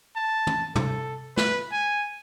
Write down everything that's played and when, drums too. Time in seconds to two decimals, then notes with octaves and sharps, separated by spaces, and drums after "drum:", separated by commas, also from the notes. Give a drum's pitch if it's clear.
0.16 A5
0.47 drum: tom
0.75 A4, drum: tom
1.37 B4, drum: snare
1.72 G#5